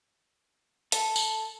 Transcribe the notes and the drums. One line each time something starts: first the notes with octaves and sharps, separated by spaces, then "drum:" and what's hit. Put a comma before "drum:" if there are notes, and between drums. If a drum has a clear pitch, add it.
A4, drum: hi-hat
drum: tambourine